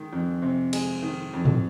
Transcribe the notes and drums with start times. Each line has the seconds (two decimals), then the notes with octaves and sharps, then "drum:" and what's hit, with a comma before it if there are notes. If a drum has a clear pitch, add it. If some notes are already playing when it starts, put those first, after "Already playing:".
Already playing: D#3 G#3
0.13 F2
0.42 C3
0.73 G#3, drum: cymbal
1.03 D#3
1.34 F2
1.45 drum: tom G#2